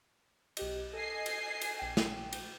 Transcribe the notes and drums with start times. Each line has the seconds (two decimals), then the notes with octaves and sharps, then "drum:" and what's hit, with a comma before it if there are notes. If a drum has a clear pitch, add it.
0.57 B1 G4 D#5, drum: cymbal
0.93 A4 D#5 G#5 C7
1.26 drum: cymbal
1.61 drum: cymbal
1.79 A#1 G5
1.97 drum: snare
2.33 drum: cymbal